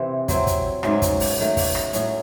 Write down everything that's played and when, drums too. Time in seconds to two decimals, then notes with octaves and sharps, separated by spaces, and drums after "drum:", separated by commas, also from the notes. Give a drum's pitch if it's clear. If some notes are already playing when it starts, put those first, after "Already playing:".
Already playing: C3 E3 C4
0.28 F#3 C4 E4, drum: kick, hi-hat
0.47 drum: kick, hi-hat
0.83 G#2 F#3 A3 C#4, drum: rim click
1.02 drum: kick, hi-hat
1.20 drum: open hi-hat
1.38 D#3 F#3 A3
1.57 drum: kick, open hi-hat
1.75 drum: rim click
1.93 A2 F#3 C#4, drum: hi-hat